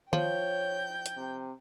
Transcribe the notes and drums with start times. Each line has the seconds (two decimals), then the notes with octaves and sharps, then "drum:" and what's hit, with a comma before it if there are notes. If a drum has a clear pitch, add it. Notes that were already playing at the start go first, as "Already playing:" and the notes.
0.13 F3 C#5 G5 G6, drum: tom D#3
1.06 drum: hi-hat
1.17 C3